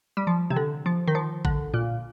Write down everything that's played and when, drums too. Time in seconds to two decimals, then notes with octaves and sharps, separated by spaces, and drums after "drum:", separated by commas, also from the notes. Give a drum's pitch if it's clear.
0.17 G3
0.27 F3
0.50 C3, drum: tom
0.56 D3
0.86 F3
1.08 D#3
1.15 F3
1.45 D3, drum: kick A1
1.74 A#2